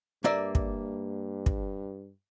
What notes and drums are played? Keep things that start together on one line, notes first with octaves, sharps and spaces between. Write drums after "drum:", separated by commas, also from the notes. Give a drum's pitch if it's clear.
G2 A#3 D5 E5
drum: kick
drum: kick